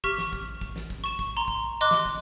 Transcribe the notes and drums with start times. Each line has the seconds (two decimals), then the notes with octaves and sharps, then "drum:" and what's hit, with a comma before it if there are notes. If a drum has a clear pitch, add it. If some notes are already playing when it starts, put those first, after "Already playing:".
0.04 G4 C#6 F6 B6, drum: kick
0.18 drum: snare
0.33 drum: kick
0.61 drum: kick
0.76 drum: snare
0.90 drum: kick
1.04 C#6 E7
1.19 drum: kick
1.37 A#5 C6
1.48 drum: kick
1.81 D#5 C6 D6 F#6
1.91 drum: snare
2.05 drum: kick